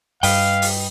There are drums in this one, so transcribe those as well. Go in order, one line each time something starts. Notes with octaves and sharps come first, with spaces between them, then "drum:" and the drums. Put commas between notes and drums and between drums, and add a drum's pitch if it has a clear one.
G2 B4 D#5 F5 G5, drum: open hi-hat
drum: open hi-hat